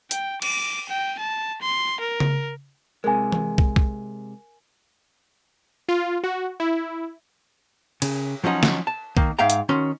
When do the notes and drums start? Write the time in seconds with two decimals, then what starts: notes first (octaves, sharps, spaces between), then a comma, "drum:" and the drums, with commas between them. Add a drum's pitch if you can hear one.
0.11 G5, drum: hi-hat
0.42 D6, drum: cymbal
0.89 G5
1.20 A5
1.62 C6
2.01 A#4
2.20 drum: tom C#3
3.04 C3 G#3 A#4 G#5
3.32 drum: tom E3
3.58 drum: kick
3.76 drum: kick
5.89 F4
6.23 F#4
6.60 E4
8.02 C#3, drum: cymbal
8.44 F3 F#3 C#4 D#4 F#4
8.63 drum: snare
8.87 A5
9.17 D#3 A#3, drum: kick
9.39 G#2 E5 F5 G5 A#5
9.50 drum: hi-hat
9.69 D#3 C#4 F#4 C6